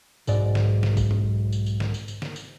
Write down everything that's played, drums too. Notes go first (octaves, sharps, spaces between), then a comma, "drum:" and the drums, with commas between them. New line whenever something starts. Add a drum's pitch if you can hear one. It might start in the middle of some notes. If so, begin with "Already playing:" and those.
B1 G#2 D5, drum: tambourine
drum: snare
drum: snare
drum: kick, tambourine
drum: tom
drum: tambourine
drum: tambourine
drum: snare
drum: tambourine
drum: tambourine
drum: snare
drum: tambourine